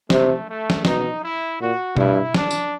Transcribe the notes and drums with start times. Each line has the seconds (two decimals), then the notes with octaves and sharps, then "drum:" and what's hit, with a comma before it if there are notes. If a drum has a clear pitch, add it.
0.10 C3 A3, drum: snare
0.48 A3
0.70 drum: snare
0.85 B2 D#4, drum: snare
1.22 E4
1.60 A#2 F#4
1.97 G2 E4, drum: tom B2
2.34 D4, drum: snare
2.51 drum: tambourine